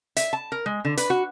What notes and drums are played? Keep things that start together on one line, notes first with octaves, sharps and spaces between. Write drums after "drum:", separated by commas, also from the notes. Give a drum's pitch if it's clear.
E5, drum: hi-hat
A5
A#4
G#3
D3
B4, drum: hi-hat
F#4